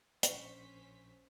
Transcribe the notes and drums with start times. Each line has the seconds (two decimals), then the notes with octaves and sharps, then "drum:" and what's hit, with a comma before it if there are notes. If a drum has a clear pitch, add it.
0.23 A#1 C#4 C5 C#6 B6 C#7, drum: hi-hat